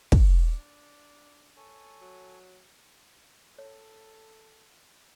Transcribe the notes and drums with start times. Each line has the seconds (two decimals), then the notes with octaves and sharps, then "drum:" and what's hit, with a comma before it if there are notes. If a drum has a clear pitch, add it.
0.12 D4, drum: kick
1.56 A4 C#5 G#5
2.01 F#3
3.58 A4 C#5